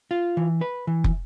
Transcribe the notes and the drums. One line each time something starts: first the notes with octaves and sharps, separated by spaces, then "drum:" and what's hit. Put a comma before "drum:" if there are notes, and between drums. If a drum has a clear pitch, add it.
F4
E3
B4
E3
drum: kick